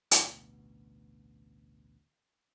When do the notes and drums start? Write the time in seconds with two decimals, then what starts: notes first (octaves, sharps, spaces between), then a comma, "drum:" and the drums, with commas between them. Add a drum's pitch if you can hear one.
0.11 A1 D2 B2, drum: hi-hat